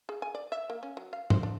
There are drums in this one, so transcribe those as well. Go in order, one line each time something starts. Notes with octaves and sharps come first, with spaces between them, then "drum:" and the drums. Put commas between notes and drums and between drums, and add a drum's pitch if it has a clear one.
G#4
G#5
D5
E5
A#3
C#4
F#3
F5
C5, drum: tom
D4